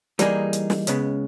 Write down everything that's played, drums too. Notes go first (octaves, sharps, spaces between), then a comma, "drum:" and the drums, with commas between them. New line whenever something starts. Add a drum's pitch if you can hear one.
E3 G3 A#3 D#4 G#4, drum: hi-hat
drum: hi-hat
drum: snare
C#2 C#3 G#3 B3, drum: hi-hat